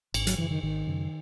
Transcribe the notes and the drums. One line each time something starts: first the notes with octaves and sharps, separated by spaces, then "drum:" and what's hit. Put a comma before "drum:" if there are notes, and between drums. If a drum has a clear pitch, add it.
G#1, drum: cymbal
F#3, drum: hi-hat
F#2 C#3 E3
D#3
G#1 D#3
F#2 C#3